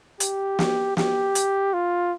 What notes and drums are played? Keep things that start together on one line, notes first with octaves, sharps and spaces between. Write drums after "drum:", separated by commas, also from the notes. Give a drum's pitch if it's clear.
G4, drum: hi-hat
drum: snare
G4, drum: snare
drum: hi-hat
F4